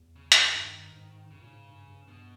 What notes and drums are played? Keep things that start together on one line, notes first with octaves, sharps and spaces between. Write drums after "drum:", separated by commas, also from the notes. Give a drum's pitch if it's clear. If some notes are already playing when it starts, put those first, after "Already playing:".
Already playing: E2
C#3
drum: hi-hat
G2 D#3
G#2
G2 C#3
A#2
G#2
G2
G2
G2 B2